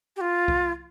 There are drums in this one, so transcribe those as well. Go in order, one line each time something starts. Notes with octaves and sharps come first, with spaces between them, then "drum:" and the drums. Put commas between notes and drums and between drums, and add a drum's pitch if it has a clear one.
G4
F4
drum: kick C2